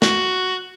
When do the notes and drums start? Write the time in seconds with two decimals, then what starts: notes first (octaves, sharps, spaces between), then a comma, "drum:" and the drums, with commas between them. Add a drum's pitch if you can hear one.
0.02 F#4, drum: snare